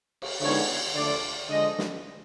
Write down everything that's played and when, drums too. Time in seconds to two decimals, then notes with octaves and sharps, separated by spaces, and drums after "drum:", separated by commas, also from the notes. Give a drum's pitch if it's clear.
0.22 drum: cymbal
0.41 D3 F3 G#3 B3 D#4 C#5, drum: cymbal
0.95 D3 F3 A3 D5
1.49 D3 F3 G#3 D#5
1.79 drum: snare